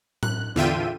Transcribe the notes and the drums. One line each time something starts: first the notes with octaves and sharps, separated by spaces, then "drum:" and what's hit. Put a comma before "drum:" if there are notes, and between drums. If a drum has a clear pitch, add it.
F#6, drum: tom A2
E2 D3 F4 E5 G5 D#7